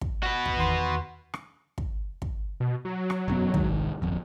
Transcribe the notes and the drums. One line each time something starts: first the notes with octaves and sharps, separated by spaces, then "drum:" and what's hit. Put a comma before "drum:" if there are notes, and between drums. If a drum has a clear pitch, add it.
drum: kick
F#4 B4
drum: kick
E2 D#3 C6
drum: rim click
drum: kick
drum: kick
B2
F#3
drum: rim click
E1 F#2 B3
C2 G#2 D#3, drum: kick
D1 G1 F2